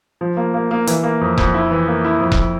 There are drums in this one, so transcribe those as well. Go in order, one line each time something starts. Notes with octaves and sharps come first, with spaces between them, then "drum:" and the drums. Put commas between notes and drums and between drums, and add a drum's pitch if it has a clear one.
F3
A#3
A#3
A#3
E3, drum: hi-hat
A#3
F2
F2, drum: kick E1
E4
E3
A#3
E4
F2
drum: kick E1